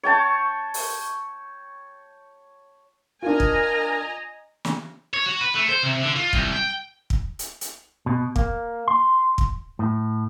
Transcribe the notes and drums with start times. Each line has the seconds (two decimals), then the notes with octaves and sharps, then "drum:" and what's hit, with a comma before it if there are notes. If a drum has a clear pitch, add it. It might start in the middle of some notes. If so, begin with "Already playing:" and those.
0.03 C#5 G5 A5 C#6
0.74 drum: open hi-hat
3.22 D4 F4 A#4 D#5 G#5 A#5
3.40 drum: kick
4.65 drum: snare
5.14 C#5
5.26 F#4
5.41 B4
5.55 A3
5.69 C5
5.83 C3
6.03 D3
6.16 F4
6.33 C2, drum: kick
6.52 G5
7.10 drum: kick
7.39 drum: hi-hat
7.61 drum: hi-hat
8.06 B2
8.36 A#3, drum: kick
8.88 C6
9.38 drum: kick
9.79 A2